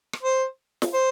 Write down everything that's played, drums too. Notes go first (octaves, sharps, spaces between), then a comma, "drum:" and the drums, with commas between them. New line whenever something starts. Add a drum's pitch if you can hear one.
drum: rim click
C5
drum: snare
C5